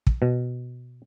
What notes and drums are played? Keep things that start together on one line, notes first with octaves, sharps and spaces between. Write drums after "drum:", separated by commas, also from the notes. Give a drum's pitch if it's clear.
drum: kick
B2